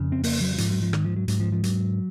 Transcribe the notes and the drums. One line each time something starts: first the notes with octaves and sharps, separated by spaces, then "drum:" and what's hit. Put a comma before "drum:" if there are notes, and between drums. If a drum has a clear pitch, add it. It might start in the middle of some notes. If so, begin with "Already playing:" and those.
Already playing: F2 C#3
C4
A#3, drum: open hi-hat
F#3
F#3
G#2 F3, drum: hi-hat
F#3
F3
D#3, drum: rim click
F3
F#3
G#2 F#3, drum: hi-hat
F3
F3
F#3, drum: hi-hat